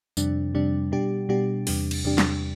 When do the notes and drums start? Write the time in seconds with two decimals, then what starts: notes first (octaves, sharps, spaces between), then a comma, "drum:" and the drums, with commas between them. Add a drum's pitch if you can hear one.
0.17 F2 C3 G3 D4, drum: tambourine
0.54 F2 C3 G3 D4
0.92 B2 G3 D4 G4
1.29 B2 G3 D4 G4
1.67 E2 C3 G3 D4 G4, drum: open hi-hat
1.91 drum: cymbal
2.04 E2 C3 G3 D4 G4
2.18 drum: snare